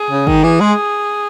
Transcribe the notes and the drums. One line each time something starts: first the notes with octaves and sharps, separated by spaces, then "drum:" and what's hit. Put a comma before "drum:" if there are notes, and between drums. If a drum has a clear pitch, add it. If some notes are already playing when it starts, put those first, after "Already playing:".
Already playing: G#4
C#3
D#3, drum: kick
E3 G#4
G#3